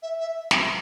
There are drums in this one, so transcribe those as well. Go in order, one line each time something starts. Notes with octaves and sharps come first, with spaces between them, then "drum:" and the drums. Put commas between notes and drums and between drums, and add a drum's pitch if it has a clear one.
E5
E5
drum: snare